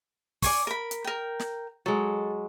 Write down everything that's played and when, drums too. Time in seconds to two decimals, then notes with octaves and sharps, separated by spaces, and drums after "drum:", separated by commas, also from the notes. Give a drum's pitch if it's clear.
0.42 D5 G#5 C#6, drum: kick, open hi-hat
0.67 A#4 B5
0.91 drum: hi-hat
1.04 A#4 G5
1.39 drum: snare
1.86 F#3 G#3 A4